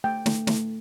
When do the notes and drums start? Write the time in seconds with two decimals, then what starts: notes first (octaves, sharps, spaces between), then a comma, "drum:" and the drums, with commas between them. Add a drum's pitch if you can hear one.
0.04 A3 G5
0.26 A3, drum: snare
0.47 A3, drum: snare